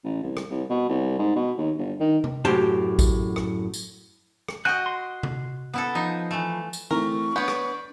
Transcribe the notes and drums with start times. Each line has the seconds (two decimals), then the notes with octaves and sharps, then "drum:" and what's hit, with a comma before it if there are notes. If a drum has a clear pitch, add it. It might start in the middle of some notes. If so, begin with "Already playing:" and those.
0.04 A1
0.23 C2
0.37 drum: rim click
0.51 C2
0.70 B2
0.89 C2
1.19 G#2
1.36 B2
1.58 D#2
1.78 G1
2.00 D#3
2.24 drum: tom C3
2.45 F#2 A2 G4 C5 A5
2.99 drum: kick A1, tambourine
3.36 drum: rim click
3.74 drum: tambourine
4.48 drum: rim click
4.65 F#4 D#5 G5 G#5 F#6
4.86 C6
5.23 drum: tom C3
5.74 B3 E4 A4
5.95 F3 D#4
6.31 E3 A3
6.73 drum: tambourine
6.91 E3 A3 C4 E4 A#4 C#6
7.36 B3 D4 C#5 G6
7.48 drum: rim click